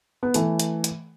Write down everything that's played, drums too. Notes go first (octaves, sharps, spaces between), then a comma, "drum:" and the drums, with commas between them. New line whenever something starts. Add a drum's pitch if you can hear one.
B3
E3 A3, drum: hi-hat
drum: hi-hat
drum: hi-hat